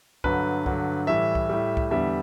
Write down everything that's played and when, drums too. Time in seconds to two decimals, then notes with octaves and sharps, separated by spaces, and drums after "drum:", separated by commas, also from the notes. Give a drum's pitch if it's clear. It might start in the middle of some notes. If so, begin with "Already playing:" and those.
0.24 G2 D3 F#3 B4, drum: kick C2
0.66 G2 D3 F#3, drum: kick C2
1.07 A2 E3 G3 E5
1.35 drum: kick C2
1.49 A2 G3
1.77 drum: kick C2
1.91 E2 D3 G3 E5